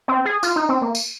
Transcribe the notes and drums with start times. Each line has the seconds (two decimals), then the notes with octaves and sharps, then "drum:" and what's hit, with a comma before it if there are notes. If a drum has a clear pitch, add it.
0.08 C4
0.25 G#4
0.43 F4, drum: tambourine
0.56 D#4
0.69 C4
0.82 A#3
0.95 drum: tambourine